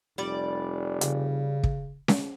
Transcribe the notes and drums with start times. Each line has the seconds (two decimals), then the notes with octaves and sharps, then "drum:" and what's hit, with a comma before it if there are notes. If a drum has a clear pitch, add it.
0.18 F1 G3 D5
1.01 C#3, drum: hi-hat
1.64 drum: kick
2.08 drum: snare C#4